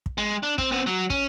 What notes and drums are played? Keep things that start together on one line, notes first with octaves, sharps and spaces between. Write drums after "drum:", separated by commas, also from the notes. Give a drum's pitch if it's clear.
drum: kick
G#3
D4
C4, drum: kick
B3 C4
F#3
C#4, drum: kick